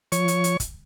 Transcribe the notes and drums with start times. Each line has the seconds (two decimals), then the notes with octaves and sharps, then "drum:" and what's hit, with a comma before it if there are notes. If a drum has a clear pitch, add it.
0.12 F3 C#5 C#6, drum: hi-hat
0.28 drum: hi-hat
0.44 drum: hi-hat
0.60 drum: kick, hi-hat